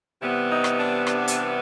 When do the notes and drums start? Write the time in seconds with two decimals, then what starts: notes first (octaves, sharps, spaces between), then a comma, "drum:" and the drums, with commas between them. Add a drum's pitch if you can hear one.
0.21 C3 E3 G3 B3
0.50 D#4
0.64 drum: rim click
0.79 D4
1.07 D4, drum: rim click
1.28 drum: hi-hat